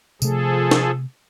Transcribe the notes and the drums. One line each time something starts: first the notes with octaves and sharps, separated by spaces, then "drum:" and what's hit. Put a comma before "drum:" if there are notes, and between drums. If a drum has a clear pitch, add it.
C3 F3 A3 G#4 A4, drum: tambourine
drum: snare